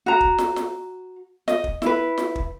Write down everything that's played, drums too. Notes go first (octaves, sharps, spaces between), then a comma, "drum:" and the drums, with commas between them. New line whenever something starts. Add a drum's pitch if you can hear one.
F#4 A#5
drum: kick
drum: snare
drum: snare
D#5, drum: snare
drum: kick
E4 B4, drum: snare
drum: snare
drum: kick